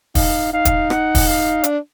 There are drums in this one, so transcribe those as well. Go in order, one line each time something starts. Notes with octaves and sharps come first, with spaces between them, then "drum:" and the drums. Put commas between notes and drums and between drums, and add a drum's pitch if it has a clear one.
D#4 F5, drum: kick, open hi-hat
D#4 F5
drum: kick, hi-hat
F#5, drum: rim click
drum: kick, open hi-hat
F5
D4, drum: hi-hat